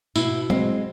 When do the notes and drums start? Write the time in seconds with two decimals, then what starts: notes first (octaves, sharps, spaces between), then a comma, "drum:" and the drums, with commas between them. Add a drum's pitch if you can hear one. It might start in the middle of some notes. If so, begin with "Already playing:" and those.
0.16 B2 E4, drum: tambourine
0.50 G#3 C4, drum: tom